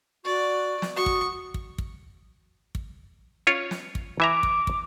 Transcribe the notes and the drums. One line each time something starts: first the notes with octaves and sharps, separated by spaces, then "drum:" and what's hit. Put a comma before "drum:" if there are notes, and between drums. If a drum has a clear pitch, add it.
F#4 D5 C#6
drum: snare
F#4 C#6 D#6
drum: kick
drum: kick
drum: kick
drum: kick
C#4 F4 C#5
drum: snare
drum: kick
E3 E5 A#5 D6
drum: kick
drum: kick